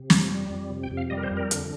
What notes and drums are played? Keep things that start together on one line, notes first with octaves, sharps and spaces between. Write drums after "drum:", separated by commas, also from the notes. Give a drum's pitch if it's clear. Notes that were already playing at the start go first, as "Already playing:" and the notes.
Already playing: C3
F2, drum: snare
G3
F2
C3
G5
F2
F5
G3 D#5
A#4
C5
F2
A#4
D3, drum: hi-hat